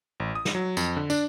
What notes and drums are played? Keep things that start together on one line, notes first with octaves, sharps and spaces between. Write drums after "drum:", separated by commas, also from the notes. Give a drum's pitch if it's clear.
A1
D#6
drum: snare
F#3
F2, drum: tambourine
D3
D4, drum: tambourine